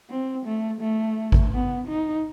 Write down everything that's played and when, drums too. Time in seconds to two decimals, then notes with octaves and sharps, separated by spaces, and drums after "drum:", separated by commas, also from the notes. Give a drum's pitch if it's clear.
0.10 C4
0.45 A3
0.81 A3
1.32 drum: kick G#1
1.53 B3
1.88 D#4